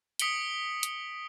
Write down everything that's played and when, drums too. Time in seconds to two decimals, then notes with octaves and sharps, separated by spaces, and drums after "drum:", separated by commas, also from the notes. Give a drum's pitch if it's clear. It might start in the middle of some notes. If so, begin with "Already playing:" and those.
0.19 D#6 B6 C#7 D7 F#7 G7, drum: hi-hat
0.83 drum: hi-hat